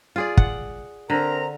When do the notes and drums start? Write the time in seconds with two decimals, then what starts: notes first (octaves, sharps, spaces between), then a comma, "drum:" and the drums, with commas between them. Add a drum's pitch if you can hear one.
0.16 F4 G#4 D5
0.37 F#5, drum: kick
1.10 D3 C4 A#4 A#5